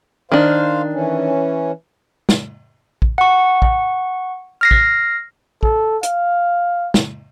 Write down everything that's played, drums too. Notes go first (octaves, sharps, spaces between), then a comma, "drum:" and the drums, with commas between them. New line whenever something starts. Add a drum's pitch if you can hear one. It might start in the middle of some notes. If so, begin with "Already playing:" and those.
D#3 D4 C5 F5
E3 C#4
drum: snare
drum: kick
F#5 C#6
drum: kick
F6 A#6 C7
drum: kick
A4, drum: kick
F5, drum: hi-hat
drum: snare